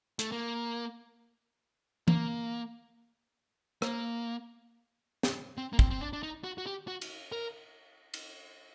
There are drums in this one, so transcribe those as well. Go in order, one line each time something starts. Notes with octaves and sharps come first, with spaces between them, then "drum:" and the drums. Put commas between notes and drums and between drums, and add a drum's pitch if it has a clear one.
A3, drum: hi-hat
A#3
A#3, drum: tom E3
A#3, drum: rim click
drum: snare
C4
A#3
C4, drum: kick
C4
D4
D4
D#4
F#4
F#4
G4
F#4
drum: cymbal
A#4
drum: cymbal